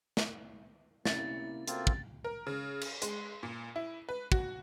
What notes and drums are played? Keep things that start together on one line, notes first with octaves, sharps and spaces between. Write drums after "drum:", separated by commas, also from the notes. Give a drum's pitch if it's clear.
drum: snare
C3 A#3 C#4 E4 A6 C#7, drum: snare
A3 A#3 C4 F4 F#4, drum: hi-hat
drum: kick
A#4
C#3
drum: cymbal
G#3, drum: hi-hat
A#2
E4
B4
F#4, drum: kick